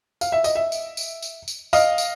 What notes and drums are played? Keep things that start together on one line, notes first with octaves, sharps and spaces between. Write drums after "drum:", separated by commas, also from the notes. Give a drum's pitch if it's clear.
F5, drum: tambourine
E5
D#5, drum: tambourine
E5
drum: tambourine
drum: tambourine
drum: tambourine
drum: tambourine
D#5 F5, drum: tambourine
drum: tambourine